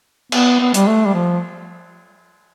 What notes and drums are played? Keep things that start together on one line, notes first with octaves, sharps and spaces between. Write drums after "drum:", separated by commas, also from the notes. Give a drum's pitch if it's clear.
B3, drum: cymbal
B3
G3, drum: hi-hat
A3
G3
F3